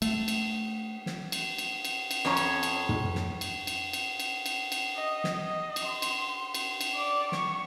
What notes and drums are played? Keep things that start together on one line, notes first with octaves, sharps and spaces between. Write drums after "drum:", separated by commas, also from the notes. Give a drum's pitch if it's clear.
A3, drum: cymbal
drum: cymbal
drum: snare
drum: cymbal
drum: cymbal
drum: cymbal
drum: cymbal
F2 C#4 C#5 A#5
drum: cymbal
drum: cymbal
drum: tom
drum: snare
drum: cymbal
drum: cymbal
drum: cymbal
drum: cymbal
drum: cymbal
drum: cymbal
D#5
drum: snare
D#5
drum: cymbal
C6
drum: cymbal
drum: cymbal
drum: cymbal
D5
C#6, drum: snare